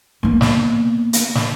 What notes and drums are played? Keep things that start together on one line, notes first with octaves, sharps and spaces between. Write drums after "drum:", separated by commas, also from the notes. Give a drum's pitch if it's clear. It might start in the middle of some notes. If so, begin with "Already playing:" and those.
A#3 B3
drum: snare
drum: hi-hat
drum: snare